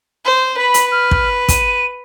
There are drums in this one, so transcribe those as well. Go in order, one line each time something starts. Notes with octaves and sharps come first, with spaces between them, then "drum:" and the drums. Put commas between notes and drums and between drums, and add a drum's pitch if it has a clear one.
C5
B4 B5
drum: hi-hat
F6
drum: kick
D#7, drum: kick, hi-hat